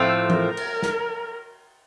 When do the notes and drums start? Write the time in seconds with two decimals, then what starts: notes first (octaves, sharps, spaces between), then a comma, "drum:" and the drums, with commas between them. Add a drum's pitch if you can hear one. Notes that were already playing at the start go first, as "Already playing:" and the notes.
Already playing: A2 F3 A3 C4 F4
0.30 A#4, drum: tom E3
0.57 drum: cymbal
0.82 drum: snare